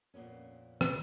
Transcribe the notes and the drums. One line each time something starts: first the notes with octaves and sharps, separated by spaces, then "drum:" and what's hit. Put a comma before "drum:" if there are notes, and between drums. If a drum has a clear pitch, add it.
F2 A#2 A#3 B3 C#4
drum: rim click